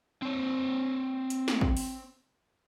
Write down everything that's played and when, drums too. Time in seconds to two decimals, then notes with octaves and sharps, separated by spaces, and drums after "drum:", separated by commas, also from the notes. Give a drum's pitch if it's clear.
0.23 C4 C#5
1.30 drum: hi-hat
1.48 drum: snare
1.61 drum: kick
1.77 drum: open hi-hat